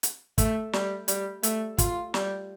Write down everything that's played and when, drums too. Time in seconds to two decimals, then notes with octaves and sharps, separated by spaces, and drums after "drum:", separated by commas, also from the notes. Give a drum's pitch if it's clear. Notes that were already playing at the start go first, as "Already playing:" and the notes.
0.03 drum: hi-hat
0.38 A3, drum: kick, hi-hat
0.73 G3, drum: snare
1.08 G3, drum: hi-hat
1.43 A3, drum: hi-hat
1.78 F4, drum: kick, hi-hat
2.14 G3, drum: snare